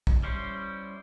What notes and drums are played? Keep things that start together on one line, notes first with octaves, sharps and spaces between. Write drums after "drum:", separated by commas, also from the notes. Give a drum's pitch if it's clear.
drum: kick
G3 C#4 E4 C5